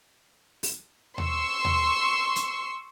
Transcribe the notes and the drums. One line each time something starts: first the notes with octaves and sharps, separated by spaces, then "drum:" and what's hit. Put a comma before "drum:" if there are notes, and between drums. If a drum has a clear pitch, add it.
drum: open hi-hat
C6 C#6 E6, drum: tom D#2
drum: tom D#2
drum: hi-hat